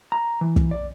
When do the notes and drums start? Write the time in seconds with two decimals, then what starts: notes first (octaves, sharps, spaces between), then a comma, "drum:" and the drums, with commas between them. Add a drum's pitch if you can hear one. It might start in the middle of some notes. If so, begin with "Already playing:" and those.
0.12 A#5
0.41 E3
0.56 drum: kick
0.71 D5